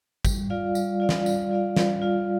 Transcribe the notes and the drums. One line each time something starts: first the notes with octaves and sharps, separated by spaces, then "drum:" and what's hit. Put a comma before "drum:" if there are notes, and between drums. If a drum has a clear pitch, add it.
G3, drum: kick, tambourine
F4 D5 F5
G3, drum: tambourine
F4 D5 F5
drum: snare
G3, drum: tambourine
F4 D5 F5
G3, drum: snare
F4 D5 F5